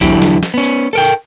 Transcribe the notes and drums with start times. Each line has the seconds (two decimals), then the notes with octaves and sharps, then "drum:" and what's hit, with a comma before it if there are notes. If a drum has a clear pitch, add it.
0.01 E2 D3 F#3 E4 G4, drum: kick B1, tambourine
0.22 drum: snare
0.43 drum: snare
0.54 B3 C#4
0.63 drum: tambourine
0.93 A4 A#4 G5
1.05 drum: tambourine